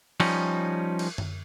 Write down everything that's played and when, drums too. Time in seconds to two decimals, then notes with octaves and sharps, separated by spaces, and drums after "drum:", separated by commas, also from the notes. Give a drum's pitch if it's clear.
0.20 F3 G3 C#4 D#4, drum: cymbal
0.99 drum: cymbal
1.18 drum: tom F#2